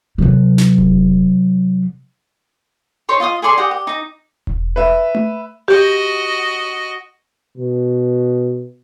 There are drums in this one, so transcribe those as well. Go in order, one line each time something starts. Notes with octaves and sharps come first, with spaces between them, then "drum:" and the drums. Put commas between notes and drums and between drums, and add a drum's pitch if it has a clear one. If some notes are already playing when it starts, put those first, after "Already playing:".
C3 F#3
drum: snare
drum: kick E1
D#4 C5 C#5 C6
F4 D#5 F5 D#6
G#4 A4 D5 C6
G4 A#4 F#5 D#6
G4
D#4 A#5
drum: kick E1
B4 E5
drum: tom A3
F#4 G4 D#5
B2